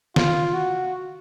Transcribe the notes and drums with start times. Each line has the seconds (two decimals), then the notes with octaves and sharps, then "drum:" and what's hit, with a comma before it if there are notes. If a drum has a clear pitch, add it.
0.16 F4, drum: snare
0.54 F#4